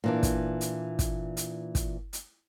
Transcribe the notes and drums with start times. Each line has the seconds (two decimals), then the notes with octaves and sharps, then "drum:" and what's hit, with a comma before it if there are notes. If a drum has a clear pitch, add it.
0.04 A#2 E3 D4
0.23 drum: kick, hi-hat
0.61 drum: hi-hat
0.99 drum: kick, hi-hat
1.37 drum: hi-hat
1.75 drum: kick, hi-hat
2.13 drum: hi-hat